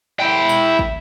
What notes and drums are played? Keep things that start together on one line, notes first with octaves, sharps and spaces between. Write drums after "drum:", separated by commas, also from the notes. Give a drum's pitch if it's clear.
E4 G5
drum: tambourine
drum: kick